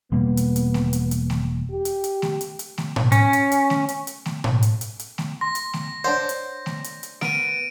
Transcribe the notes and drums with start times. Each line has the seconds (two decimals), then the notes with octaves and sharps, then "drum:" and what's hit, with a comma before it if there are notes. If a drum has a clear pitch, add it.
0.12 E1 G3 A#3 B3
0.37 drum: hi-hat
0.56 drum: hi-hat
0.74 drum: snare A3
0.93 drum: hi-hat
1.11 drum: hi-hat
1.30 drum: snare A3
1.71 G4
1.85 drum: hi-hat
2.04 drum: hi-hat
2.22 drum: snare A3
2.41 drum: hi-hat
2.59 drum: hi-hat
2.78 drum: snare A3
2.96 drum: tom A2
3.12 C#4, drum: hi-hat
3.33 drum: hi-hat
3.52 drum: hi-hat
3.70 drum: snare A3
3.89 drum: hi-hat
4.07 drum: hi-hat
4.26 drum: snare A3
4.44 drum: tom A2
4.63 drum: hi-hat
4.81 drum: hi-hat
4.99 drum: hi-hat
5.18 drum: snare A3
5.41 C6 A#6
5.55 drum: hi-hat
5.73 drum: snare A3
6.04 D4 C5 C#5 F#5
6.29 drum: hi-hat
6.66 drum: snare A3
6.84 drum: hi-hat
7.03 drum: hi-hat
7.21 B3 A#4 D7 D#7, drum: snare A3